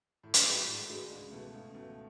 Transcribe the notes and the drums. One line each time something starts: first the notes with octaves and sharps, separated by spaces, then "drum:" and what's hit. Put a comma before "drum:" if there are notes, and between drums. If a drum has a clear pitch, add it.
A2
drum: hi-hat
G#3 D4 F#4 B4
A2
G#3 D4 F#4 B4
C#2
B2 A3
C#2
B2 A3